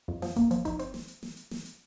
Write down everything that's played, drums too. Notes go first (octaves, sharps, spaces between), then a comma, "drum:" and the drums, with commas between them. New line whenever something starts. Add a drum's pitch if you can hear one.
F2
F3, drum: snare
A#3, drum: kick G1, hi-hat
F3, drum: hi-hat
D#4, drum: kick G1, hi-hat
C4, drum: hi-hat
drum: snare
drum: hi-hat
drum: snare
drum: hi-hat
drum: snare
drum: hi-hat